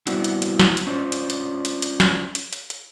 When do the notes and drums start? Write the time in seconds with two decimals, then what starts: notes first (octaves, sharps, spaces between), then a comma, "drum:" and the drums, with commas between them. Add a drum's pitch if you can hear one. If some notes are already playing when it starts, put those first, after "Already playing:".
0.07 G3 B3 C4 D4 E4 F#4, drum: hi-hat
0.24 drum: hi-hat
0.42 drum: hi-hat
0.59 drum: snare
0.77 drum: hi-hat
0.87 C#4 D4 F4 C5
1.12 drum: hi-hat
1.30 drum: hi-hat
1.65 drum: hi-hat
1.82 drum: hi-hat
2.00 drum: snare
2.35 drum: hi-hat
2.53 drum: hi-hat
2.70 drum: hi-hat